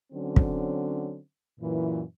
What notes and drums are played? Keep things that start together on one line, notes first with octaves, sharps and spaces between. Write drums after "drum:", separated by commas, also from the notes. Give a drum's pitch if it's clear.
D3 F#3 C4 C#4
drum: kick
F#2 A#2 E3